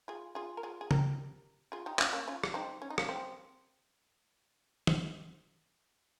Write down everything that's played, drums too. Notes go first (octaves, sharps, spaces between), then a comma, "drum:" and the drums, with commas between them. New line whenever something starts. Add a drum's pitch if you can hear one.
F4 G#4
F4 G#4
A#4
F4 G#4
G#4
G4 A#4, drum: tom
F4 G#4
D#4 G4
C#4 F4, drum: clap
A#3 C#4
C#4 F4
drum: rim click
C4 D#4
C#4
D#4
A#3 C#4, drum: rim click
C4
drum: tom